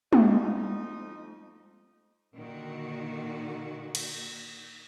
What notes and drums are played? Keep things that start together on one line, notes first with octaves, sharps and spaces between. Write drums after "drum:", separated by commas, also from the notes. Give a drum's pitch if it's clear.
F2 D#4, drum: tom
A#2 D3 D#3 F#4
drum: cymbal